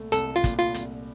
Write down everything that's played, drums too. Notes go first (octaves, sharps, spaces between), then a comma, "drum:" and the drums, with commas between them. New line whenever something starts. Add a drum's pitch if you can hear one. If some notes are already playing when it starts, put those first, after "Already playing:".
Already playing: C2 A#2 A3
C2 A4, drum: hi-hat
F4
A#2, drum: kick, hi-hat
F4
C2, drum: hi-hat